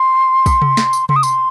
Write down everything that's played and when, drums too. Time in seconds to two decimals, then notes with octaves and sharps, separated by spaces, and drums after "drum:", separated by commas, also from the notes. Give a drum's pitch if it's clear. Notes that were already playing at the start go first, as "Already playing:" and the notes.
Already playing: C6
0.46 drum: kick, tambourine
0.62 drum: tom C3
0.77 drum: snare
0.93 drum: tambourine
1.09 C6, drum: tom C3
1.16 D#6
1.23 C6, drum: tambourine